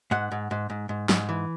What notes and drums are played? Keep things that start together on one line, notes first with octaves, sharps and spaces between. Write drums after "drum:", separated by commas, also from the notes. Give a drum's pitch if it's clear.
G#2 F#5
G#2
G#2
G#2
G#2
G#2, drum: snare
E3